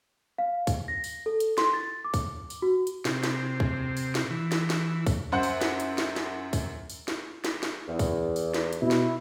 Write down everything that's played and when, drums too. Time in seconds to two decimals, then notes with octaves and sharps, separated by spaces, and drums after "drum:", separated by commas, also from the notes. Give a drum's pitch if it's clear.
0.38 F5
0.67 drum: kick, open hi-hat
0.88 A#6
1.04 drum: open hi-hat
1.26 A4
1.40 drum: hi-hat
1.58 C6, drum: snare
1.73 A6
2.05 D6
2.14 drum: kick, open hi-hat
2.50 drum: open hi-hat
2.62 F#4
2.87 drum: hi-hat
3.05 C3, drum: snare
3.23 drum: snare
3.60 drum: kick
3.97 drum: open hi-hat
4.15 drum: snare
4.30 E3
4.52 drum: snare
4.70 drum: snare
5.07 drum: kick, open hi-hat
5.32 F#2 C5 F#5 F#6
5.43 drum: open hi-hat
5.61 drum: snare
5.80 drum: hi-hat
5.98 drum: snare
6.16 drum: snare
6.53 drum: kick, open hi-hat
6.90 drum: open hi-hat
7.08 drum: snare
7.44 drum: snare
7.63 drum: snare
7.87 E2
7.99 drum: kick, open hi-hat
8.36 drum: open hi-hat
8.54 drum: snare
8.73 drum: hi-hat
8.82 B2 E4
8.91 drum: snare